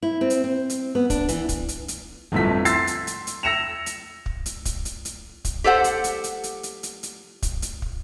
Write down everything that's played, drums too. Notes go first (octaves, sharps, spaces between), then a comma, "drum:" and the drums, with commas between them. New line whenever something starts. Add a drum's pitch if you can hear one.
E4
C4
drum: hi-hat
C4
drum: hi-hat
B3
D4, drum: kick, hi-hat
E3, drum: hi-hat
drum: kick, hi-hat
drum: hi-hat
drum: hi-hat
G1 F2 A2 A3 B6
C6 E6 A6 C7, drum: hi-hat
drum: hi-hat
drum: hi-hat
drum: hi-hat
E6 A#6 C#7 E7 F7
drum: hi-hat
drum: kick
drum: hi-hat
drum: kick, hi-hat
drum: hi-hat
drum: hi-hat
drum: kick, hi-hat
G4 A4 C5 F#5
drum: hi-hat
drum: hi-hat
drum: hi-hat
drum: hi-hat
drum: hi-hat
drum: hi-hat
drum: hi-hat
drum: kick, hi-hat
drum: hi-hat
drum: kick